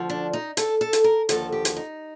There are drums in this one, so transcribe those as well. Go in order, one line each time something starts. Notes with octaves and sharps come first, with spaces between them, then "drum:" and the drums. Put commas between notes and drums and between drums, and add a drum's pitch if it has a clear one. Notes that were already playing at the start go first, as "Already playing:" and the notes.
Already playing: D2 D3 F3
D4
D#4
A4, drum: hi-hat
A4
drum: hi-hat
A#4
D#2 D3 F3 A4, drum: hi-hat
G4
drum: hi-hat
D#4